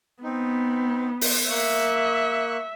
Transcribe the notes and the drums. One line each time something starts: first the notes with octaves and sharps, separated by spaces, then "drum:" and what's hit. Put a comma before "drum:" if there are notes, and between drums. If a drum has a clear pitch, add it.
B3 C4 D#4
drum: open hi-hat
A#3 E5 C#6 F#6